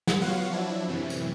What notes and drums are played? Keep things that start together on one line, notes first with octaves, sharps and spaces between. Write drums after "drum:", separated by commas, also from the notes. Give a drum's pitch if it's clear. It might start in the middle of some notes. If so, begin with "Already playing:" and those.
drum: snare
F#3 B3 F4 F#4 F5 F#5
F3 F#3 D4 E4
F#2 A2 C3 E3
drum: tambourine